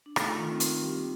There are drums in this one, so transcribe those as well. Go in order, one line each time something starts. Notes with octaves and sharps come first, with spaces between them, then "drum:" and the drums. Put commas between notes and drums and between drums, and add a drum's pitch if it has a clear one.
D4
A3 D#4, drum: rim click
F4
D#3
C4
A#3, drum: hi-hat
G3